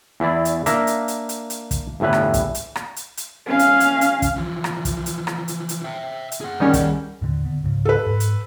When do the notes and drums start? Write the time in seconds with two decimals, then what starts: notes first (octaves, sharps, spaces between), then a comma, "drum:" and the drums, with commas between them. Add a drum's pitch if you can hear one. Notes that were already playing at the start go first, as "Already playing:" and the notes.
0.20 E2 E3 E4 D5
0.45 drum: hi-hat
0.66 A#3 D4 A#4 E5 F5, drum: hi-hat
0.87 drum: hi-hat
1.08 drum: hi-hat
1.29 drum: hi-hat
1.50 drum: hi-hat
1.71 drum: kick, hi-hat
2.00 G1 E2 A2 E3 B4
2.13 drum: rim click
2.34 drum: kick, hi-hat
2.55 drum: hi-hat
2.76 drum: rim click
2.96 drum: hi-hat
3.17 drum: hi-hat
3.46 C#4 F5
3.59 drum: hi-hat
3.80 drum: hi-hat
4.01 drum: hi-hat
4.22 drum: kick, hi-hat
4.36 E3 F3
4.64 drum: rim click
4.85 drum: kick, hi-hat
5.06 drum: hi-hat
5.27 drum: rim click
5.48 drum: hi-hat
5.69 drum: hi-hat
5.84 E5 G5
6.32 drum: hi-hat
6.41 G#4 F#5
6.60 D#3 G3 C#4
6.73 drum: kick, hi-hat
7.22 D#2 A2 D3
7.45 D3 B3
7.63 C#2 G#2 C#3
7.85 A4 B4
8.06 G#2
8.20 drum: hi-hat